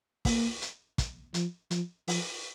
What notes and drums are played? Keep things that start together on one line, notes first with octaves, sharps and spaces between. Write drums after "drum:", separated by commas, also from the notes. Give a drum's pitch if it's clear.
A#3, drum: kick, open hi-hat
drum: hi-hat
drum: kick, hi-hat
F3, drum: hi-hat
F3, drum: hi-hat
F3, drum: open hi-hat